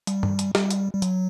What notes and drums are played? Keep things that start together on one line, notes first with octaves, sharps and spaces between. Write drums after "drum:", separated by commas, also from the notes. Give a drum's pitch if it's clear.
G3, drum: hi-hat
drum: tom G2
drum: hi-hat
G3, drum: snare
drum: hi-hat
G3
F#3, drum: hi-hat